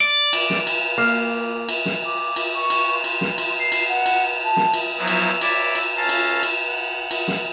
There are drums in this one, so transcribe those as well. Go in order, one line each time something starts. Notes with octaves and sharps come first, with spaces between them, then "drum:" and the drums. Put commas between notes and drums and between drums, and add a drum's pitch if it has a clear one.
D5
drum: cymbal
drum: snare
drum: cymbal
A#3
drum: cymbal
drum: snare
D6
drum: cymbal
C#6
drum: cymbal
C6
drum: cymbal
drum: snare
drum: cymbal
C7
drum: cymbal
F#5
drum: cymbal
A5
drum: snare
drum: cymbal
F3 F#3 B3 D#4 E4
drum: cymbal
C#5 D5 E5 B5 D6 E6, drum: cymbal
drum: cymbal
C#4 F4 A4 F5 A5 A#5
drum: cymbal
drum: cymbal
F#5
drum: cymbal
drum: snare